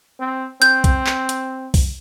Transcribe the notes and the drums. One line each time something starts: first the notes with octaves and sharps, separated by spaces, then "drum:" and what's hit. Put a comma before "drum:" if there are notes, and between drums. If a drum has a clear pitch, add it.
C4
C4 G6, drum: hi-hat
drum: kick B1, hi-hat
drum: clap
drum: hi-hat
drum: kick B1, open hi-hat